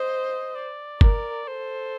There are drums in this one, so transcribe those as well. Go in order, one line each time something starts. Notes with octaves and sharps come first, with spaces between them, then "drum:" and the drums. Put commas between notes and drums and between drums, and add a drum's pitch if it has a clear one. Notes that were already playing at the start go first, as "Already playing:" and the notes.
Already playing: C5 D#5
D5
A#4, drum: kick G1
A4 C5